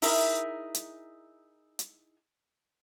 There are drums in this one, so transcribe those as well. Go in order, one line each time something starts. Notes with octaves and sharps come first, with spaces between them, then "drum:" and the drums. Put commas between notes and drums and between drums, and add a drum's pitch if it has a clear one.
D#4 E4 G#4 A#4 E5, drum: open hi-hat
drum: hi-hat
drum: hi-hat